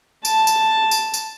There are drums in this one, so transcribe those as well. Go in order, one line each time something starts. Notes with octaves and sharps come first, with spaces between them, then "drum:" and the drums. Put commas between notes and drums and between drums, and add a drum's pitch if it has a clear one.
A5, drum: tambourine
drum: tambourine
drum: tambourine
drum: tambourine